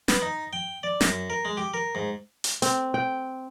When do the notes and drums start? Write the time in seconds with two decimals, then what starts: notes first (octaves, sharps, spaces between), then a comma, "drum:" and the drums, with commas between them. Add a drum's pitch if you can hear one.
0.08 B3, drum: snare
0.22 D#4
0.53 G5
0.83 D5
1.01 F#2, drum: snare
1.30 A#4
1.45 G#3
1.57 G4
1.74 A#4
1.95 G#2
2.44 drum: hi-hat
2.62 C4, drum: hi-hat
2.94 G5